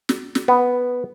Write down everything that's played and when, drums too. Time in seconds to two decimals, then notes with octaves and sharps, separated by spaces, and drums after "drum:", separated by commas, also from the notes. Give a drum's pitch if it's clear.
0.09 drum: snare
0.35 drum: snare
0.48 B3